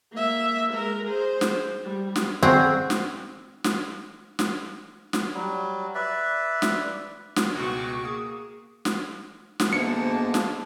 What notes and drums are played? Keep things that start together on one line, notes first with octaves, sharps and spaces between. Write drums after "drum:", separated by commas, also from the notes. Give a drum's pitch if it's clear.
A#3 E5
G#3 A#4
G#4 C5
drum: snare
G3
drum: snare
C4 F#4 G#4 F#5 A#5
drum: snare
drum: snare
drum: snare
drum: snare
F#3 G3
B4 D5 E5
drum: snare
drum: snare
C#2 B2 F#4 C#6 D6
A#3 G#4 D#6
drum: snare
drum: snare
D2 G#2 A#3 B3 D4 A5 C#7
drum: snare